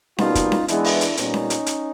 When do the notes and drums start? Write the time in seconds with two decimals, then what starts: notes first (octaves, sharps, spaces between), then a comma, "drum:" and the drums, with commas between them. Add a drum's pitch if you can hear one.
0.18 B2 G3 A#3 D#4 F4, drum: snare C#4
0.35 drum: kick, hi-hat
0.52 drum: snare C#4
0.68 E3 G#3 B3 D4 E4, drum: hi-hat
0.84 drum: open hi-hat
1.01 drum: hi-hat
1.17 A#2 G3 B3 C#4 D#4, drum: hi-hat
1.34 drum: snare C#4
1.50 drum: hi-hat
1.66 drum: hi-hat